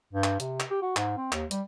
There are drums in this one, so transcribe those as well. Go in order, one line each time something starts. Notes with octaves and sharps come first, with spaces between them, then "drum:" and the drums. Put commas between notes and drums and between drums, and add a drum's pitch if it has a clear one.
G2
drum: clap
C3, drum: hi-hat
drum: clap
G4
F#4
G#2, drum: clap
C4
D#2, drum: clap
G3, drum: hi-hat